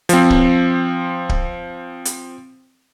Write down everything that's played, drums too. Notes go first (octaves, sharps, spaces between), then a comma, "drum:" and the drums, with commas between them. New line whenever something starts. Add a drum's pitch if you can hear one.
F3 C4, drum: hi-hat
drum: kick D1
drum: kick D1
drum: hi-hat